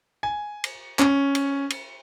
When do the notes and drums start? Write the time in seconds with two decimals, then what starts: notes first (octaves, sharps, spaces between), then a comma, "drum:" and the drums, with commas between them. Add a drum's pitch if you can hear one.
0.23 G#5
0.64 drum: cymbal
0.99 C#4, drum: clap
1.35 drum: cymbal
1.70 drum: cymbal